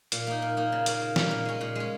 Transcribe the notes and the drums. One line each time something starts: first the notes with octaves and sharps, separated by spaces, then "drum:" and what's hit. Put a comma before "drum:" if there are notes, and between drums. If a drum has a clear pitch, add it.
A#2, drum: hi-hat
A#3 D#4
A#2
A#3 D#4
C#3
A#3 C#4 A#4, drum: hi-hat
C#3
A#3 C#4 A#4, drum: snare
A#2
G#3 C#4
A#2
G#3 C#4